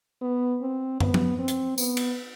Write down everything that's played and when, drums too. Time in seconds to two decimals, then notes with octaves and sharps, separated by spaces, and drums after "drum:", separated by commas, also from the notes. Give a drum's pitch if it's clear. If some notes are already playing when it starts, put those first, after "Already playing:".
0.22 B3
0.62 C4
1.00 B3, drum: tom
1.14 drum: tom F3
1.39 C4
1.48 drum: hi-hat
1.78 B3, drum: tambourine
1.97 drum: cymbal